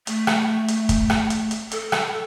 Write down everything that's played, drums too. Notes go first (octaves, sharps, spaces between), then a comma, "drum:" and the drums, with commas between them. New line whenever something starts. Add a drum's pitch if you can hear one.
A3, drum: hi-hat
drum: rim click
drum: hi-hat
drum: kick, hi-hat
drum: rim click
drum: hi-hat
drum: hi-hat
A4, drum: hi-hat
drum: rim click